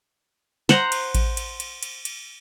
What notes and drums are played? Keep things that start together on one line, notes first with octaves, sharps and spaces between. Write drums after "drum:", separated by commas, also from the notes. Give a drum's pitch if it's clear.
C5 F#5 A#5, drum: snare
drum: cymbal
drum: kick A1, cymbal
drum: cymbal
drum: cymbal
drum: cymbal
drum: cymbal